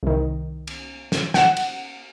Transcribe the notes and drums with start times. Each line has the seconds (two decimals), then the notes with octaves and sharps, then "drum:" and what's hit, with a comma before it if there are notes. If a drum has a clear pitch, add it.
0.03 C2 D#3
0.67 drum: cymbal
1.12 drum: snare
1.34 F#5 E7, drum: snare
1.57 drum: cymbal